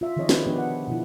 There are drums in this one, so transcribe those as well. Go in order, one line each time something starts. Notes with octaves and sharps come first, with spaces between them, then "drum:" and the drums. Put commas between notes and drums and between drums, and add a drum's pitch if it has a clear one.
F4 E5
D#3 F3 C4 G#4 C#5 D#5
G4 B4, drum: snare
F3 B3 D4 G4 G#4 B4
F#5
B2 F3 E4